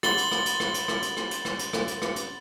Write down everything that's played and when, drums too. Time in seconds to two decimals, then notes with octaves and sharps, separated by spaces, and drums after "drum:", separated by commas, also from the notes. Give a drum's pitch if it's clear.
0.03 F#5 B5 C6 A6 F#7 G7, drum: rim click
0.17 drum: hi-hat
0.32 drum: rim click
0.46 drum: hi-hat
0.60 drum: rim click
0.74 drum: hi-hat
0.88 drum: rim click
1.02 drum: hi-hat
1.17 drum: rim click
1.31 drum: hi-hat
1.45 drum: rim click
1.59 drum: hi-hat
1.73 drum: rim click
1.88 drum: hi-hat
2.02 drum: rim click
2.16 drum: hi-hat